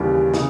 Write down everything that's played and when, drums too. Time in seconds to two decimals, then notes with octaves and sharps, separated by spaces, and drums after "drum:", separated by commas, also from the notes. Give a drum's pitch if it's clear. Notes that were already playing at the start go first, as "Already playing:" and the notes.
Already playing: D#2 C#3 E3 G3
0.34 C#3 E3, drum: snare